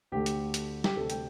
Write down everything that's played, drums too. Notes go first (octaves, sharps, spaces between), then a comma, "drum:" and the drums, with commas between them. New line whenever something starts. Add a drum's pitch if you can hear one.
D2 D3 A3 G4
drum: hi-hat
drum: hi-hat
G4, drum: snare
D2 C3 A3 D4 A4
G5, drum: hi-hat